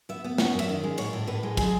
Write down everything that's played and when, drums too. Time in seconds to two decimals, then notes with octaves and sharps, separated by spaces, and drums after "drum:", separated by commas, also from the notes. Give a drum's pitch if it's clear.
0.09 B3 E5
0.24 B3
0.38 C#4 F#5, drum: snare
0.53 F#2
0.59 E5, drum: cymbal
0.69 D#3
0.84 G#3
0.98 A2 C#5, drum: cymbal
1.13 A2
1.27 A2 B4
1.43 G#3
1.57 F#3 G#4, drum: kick, cymbal